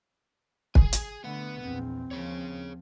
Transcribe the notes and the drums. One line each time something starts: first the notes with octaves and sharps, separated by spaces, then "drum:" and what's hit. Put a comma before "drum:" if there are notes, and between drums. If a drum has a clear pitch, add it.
G#4 G#5, drum: kick
drum: hi-hat
D3 A3 B3 F#5
A#1 E2 C4
D#2 F3 G#4 C#5